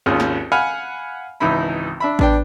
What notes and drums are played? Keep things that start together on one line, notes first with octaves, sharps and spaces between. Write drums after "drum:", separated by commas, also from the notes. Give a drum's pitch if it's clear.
G#1 D#2 C#4 F4 G#4
drum: snare
F5 F#5 G#5 B5 F6
G#1 C#2 E3 D#4 E4 B5
D4 E5 B5
B3 D4 G5, drum: kick A1